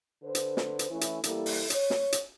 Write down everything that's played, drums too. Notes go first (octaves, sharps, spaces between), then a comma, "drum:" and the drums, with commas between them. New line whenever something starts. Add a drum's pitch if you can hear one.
D3 B4 C5
drum: hi-hat
drum: snare
drum: hi-hat
E3 A3 C#4 E4
drum: hi-hat
E3 G3 A#3 E4 A4, drum: hi-hat
drum: open hi-hat
C#5, drum: hi-hat
drum: snare
drum: hi-hat